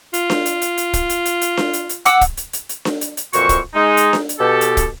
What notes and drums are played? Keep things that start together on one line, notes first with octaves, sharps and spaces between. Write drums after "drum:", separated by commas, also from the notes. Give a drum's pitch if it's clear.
F4, drum: hi-hat
drum: snare D4
drum: hi-hat
drum: hi-hat
drum: hi-hat
drum: kick, hi-hat
drum: hi-hat
drum: hi-hat
drum: hi-hat
drum: snare D4
drum: hi-hat
drum: hi-hat
F#5 D6 E6, drum: hi-hat
drum: kick, hi-hat
drum: hi-hat
drum: hi-hat
drum: hi-hat
drum: snare D4
drum: hi-hat
drum: hi-hat
F2 A#2 E3 F#4 C5 C#6, drum: hi-hat
drum: kick, hi-hat
G#3 D#4
drum: hi-hat
drum: snare D4
drum: hi-hat
B2 G4 A4
drum: hi-hat
drum: kick, hi-hat